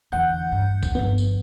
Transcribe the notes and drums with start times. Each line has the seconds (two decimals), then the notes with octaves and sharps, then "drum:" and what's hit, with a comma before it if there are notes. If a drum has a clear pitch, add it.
0.12 E2 D3 F#5 G6
0.52 G2
0.83 drum: kick, tambourine
0.95 G1 F3 B3
1.18 drum: tambourine